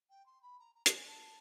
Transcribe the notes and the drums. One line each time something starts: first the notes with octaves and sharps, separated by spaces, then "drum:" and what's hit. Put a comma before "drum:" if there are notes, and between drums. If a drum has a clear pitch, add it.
G5
C6
B5
A#5
A#5
A5, drum: hi-hat
G#5
A5